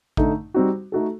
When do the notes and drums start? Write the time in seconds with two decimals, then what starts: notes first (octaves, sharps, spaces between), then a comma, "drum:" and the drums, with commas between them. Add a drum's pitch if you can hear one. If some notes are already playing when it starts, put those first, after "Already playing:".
0.17 D3 A3 D#4, drum: kick A1
0.54 G3 C4 D#4 F#4
0.92 A3 D#4 F#4 A4